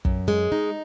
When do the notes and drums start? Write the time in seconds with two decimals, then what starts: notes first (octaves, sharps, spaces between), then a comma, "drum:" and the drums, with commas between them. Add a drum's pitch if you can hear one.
0.05 F#2, drum: kick
0.28 G#3
0.52 D#4